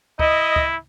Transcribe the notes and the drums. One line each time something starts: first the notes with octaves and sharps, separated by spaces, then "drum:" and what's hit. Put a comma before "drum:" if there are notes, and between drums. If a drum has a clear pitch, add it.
E4 D#5, drum: kick C#2
drum: kick C#2